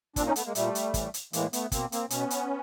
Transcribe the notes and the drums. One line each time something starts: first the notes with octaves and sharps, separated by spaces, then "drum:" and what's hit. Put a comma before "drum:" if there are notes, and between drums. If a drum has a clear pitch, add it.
A#2 C4 D4, drum: kick, hi-hat
C#4 D#4
A3 B3, drum: hi-hat
G#3 A#3
A#2 G3 A3, drum: hi-hat
drum: hi-hat
A2 E3, drum: kick, hi-hat
drum: hi-hat
A2 E3 G#3 A#3, drum: hi-hat
A3 B3, drum: hi-hat
B2 A#3 C4, drum: kick, hi-hat
A#3 C4, drum: hi-hat
B2 B3 C#4, drum: hi-hat
drum: hi-hat